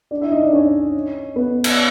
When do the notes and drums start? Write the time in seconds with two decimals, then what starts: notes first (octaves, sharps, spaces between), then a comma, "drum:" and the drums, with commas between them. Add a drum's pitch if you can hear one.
0.11 D4 D5
0.21 E4 E5
0.31 D#4 D#5
0.42 D4 D5
0.52 C#4 C#5
1.36 B3 B4
1.64 drum: cymbal